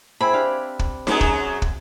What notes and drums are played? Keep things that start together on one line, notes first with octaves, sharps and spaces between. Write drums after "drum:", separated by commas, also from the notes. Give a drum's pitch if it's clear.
C4 E4 G#4 B5
D4 G4 F5
drum: kick
F#2 F#3 G#4, drum: snare D#4
drum: kick
drum: kick